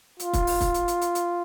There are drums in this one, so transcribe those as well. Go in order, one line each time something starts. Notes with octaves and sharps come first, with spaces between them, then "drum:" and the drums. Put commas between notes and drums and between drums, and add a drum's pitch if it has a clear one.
F4, drum: hi-hat
drum: kick, hi-hat
drum: open hi-hat
drum: kick, hi-hat
drum: hi-hat
drum: hi-hat
drum: hi-hat
drum: hi-hat